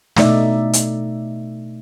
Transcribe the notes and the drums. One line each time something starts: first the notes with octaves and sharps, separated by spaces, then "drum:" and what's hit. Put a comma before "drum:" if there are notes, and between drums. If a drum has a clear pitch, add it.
B2 A3 D#4 D5 E5, drum: snare
drum: hi-hat